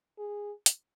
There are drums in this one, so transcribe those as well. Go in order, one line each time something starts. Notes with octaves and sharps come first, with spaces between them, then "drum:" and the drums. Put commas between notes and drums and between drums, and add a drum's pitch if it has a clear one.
G#4
drum: hi-hat